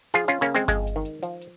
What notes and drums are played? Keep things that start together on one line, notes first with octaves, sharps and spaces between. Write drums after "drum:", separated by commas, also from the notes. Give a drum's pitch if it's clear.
F3 F4 G#4, drum: hi-hat
C#4 F4
C#3 A#3 C#4
G#3 C4
F2 G#3, drum: kick G1, hi-hat
drum: hi-hat
D#3
drum: hi-hat
F3, drum: hi-hat
drum: hi-hat